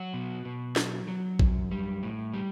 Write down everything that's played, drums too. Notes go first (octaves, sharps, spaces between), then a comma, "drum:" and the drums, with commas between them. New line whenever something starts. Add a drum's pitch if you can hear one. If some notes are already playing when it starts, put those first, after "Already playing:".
Already playing: F#3 F#4
B2
B2
F#3, drum: snare
F#3
F#2, drum: kick
G3
A2
G3